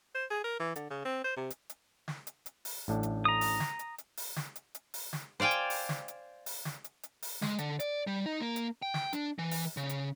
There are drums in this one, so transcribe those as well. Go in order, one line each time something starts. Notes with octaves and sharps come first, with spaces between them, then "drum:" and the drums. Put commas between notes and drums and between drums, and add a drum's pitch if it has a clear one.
C5
G#4
A#4
E3
D3, drum: hi-hat
C#3
C4
C5
C3
drum: hi-hat
drum: hi-hat
drum: snare
drum: hi-hat
drum: hi-hat
drum: open hi-hat
A1 A2 D4
drum: hi-hat
A#5 D#6
drum: open hi-hat
drum: snare
drum: hi-hat
drum: hi-hat
drum: open hi-hat
drum: snare
drum: hi-hat
drum: hi-hat
drum: open hi-hat
drum: snare
C5 D5 F5 G5 G#5
drum: hi-hat
drum: open hi-hat
drum: snare
drum: hi-hat
drum: open hi-hat
drum: snare
drum: hi-hat
drum: hi-hat
drum: open hi-hat
G#3, drum: snare
D3, drum: hi-hat
D5, drum: hi-hat
G3
D#4
A#3
drum: hi-hat
G5
drum: snare
D4, drum: hi-hat
E3
drum: open hi-hat
C#3
drum: hi-hat